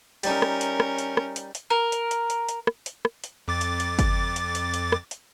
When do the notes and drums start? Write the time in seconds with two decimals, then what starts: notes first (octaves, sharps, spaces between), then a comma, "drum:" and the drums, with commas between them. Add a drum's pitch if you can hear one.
0.23 G3 C#4 D#4 A#4, drum: hi-hat
0.42 drum: rim click
0.61 drum: hi-hat
0.80 drum: rim click
0.98 drum: hi-hat
1.17 drum: rim click
1.36 drum: hi-hat
1.55 drum: hi-hat
1.70 A#4
1.92 drum: hi-hat
2.11 drum: hi-hat
2.30 drum: hi-hat
2.49 drum: hi-hat
2.67 drum: rim click
2.86 drum: hi-hat
3.05 drum: rim click
3.24 drum: hi-hat
3.48 F2 D6 A6
3.61 drum: hi-hat
3.80 drum: hi-hat
3.99 drum: kick G1, hi-hat
4.36 drum: hi-hat
4.55 drum: hi-hat
4.74 drum: hi-hat
4.92 drum: rim click
5.11 drum: hi-hat